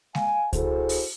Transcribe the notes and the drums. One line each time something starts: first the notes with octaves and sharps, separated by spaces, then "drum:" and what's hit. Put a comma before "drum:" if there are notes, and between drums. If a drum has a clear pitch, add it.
F5 G#5, drum: snare G#3
E4 F#4 G#4 A4 C5, drum: kick C#2, hi-hat
drum: open hi-hat